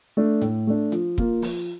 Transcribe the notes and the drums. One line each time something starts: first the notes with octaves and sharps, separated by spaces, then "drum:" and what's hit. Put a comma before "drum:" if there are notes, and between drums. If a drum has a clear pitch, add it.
A3 D4
A2, drum: hi-hat
A3 D4
F3, drum: hi-hat
A#3 F4, drum: kick
F3, drum: open hi-hat